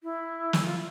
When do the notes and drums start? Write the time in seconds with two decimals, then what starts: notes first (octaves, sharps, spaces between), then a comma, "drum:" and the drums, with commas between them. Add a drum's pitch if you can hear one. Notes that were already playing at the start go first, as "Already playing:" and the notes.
0.04 E4
0.53 drum: snare
0.65 F4